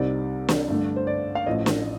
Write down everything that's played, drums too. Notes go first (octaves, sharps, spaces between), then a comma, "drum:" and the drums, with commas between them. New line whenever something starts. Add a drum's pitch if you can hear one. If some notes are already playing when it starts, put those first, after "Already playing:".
Already playing: C2 C3 G3 C4 D#4 D5
drum: snare
G2 D3 A3 D4
C5
D5
F5
A1 A2 F3 D#5
drum: snare